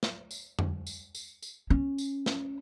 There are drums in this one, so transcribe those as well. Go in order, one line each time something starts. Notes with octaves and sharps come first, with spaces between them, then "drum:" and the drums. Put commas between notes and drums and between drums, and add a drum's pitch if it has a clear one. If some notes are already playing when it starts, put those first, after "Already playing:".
drum: snare
drum: tambourine
drum: tom F2
drum: tambourine
drum: tambourine
drum: tambourine
C#4
drum: tambourine
drum: snare